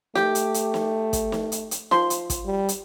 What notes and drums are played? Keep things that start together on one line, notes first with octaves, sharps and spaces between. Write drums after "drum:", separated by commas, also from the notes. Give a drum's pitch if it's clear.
A3 G4, drum: snare
drum: hi-hat
drum: hi-hat
drum: snare
drum: kick, hi-hat
drum: snare
drum: hi-hat
drum: hi-hat
F3 C6, drum: snare
drum: hi-hat
drum: kick, hi-hat
G3
drum: hi-hat